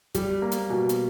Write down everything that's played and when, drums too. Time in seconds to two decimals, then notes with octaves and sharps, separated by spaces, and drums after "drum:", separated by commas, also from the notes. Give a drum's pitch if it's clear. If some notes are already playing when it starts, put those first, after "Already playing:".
0.15 G3, drum: kick, hi-hat
0.42 A#3
0.52 drum: hi-hat
0.70 B2
0.89 drum: hi-hat